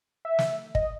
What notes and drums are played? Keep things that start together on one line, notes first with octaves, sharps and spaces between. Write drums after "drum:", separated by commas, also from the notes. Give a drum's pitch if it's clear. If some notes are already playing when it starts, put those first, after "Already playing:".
E5
drum: snare
D#5, drum: kick